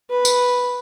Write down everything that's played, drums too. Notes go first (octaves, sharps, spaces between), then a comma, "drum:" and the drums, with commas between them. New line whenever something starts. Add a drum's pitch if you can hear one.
B4
drum: tambourine